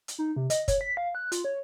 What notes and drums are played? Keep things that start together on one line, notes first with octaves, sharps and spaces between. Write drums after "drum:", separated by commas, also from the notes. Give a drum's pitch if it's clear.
drum: hi-hat
D#4
C3
D#5, drum: hi-hat
C#5, drum: kick, hi-hat
B6
F5
F#6
F4, drum: hi-hat
C#5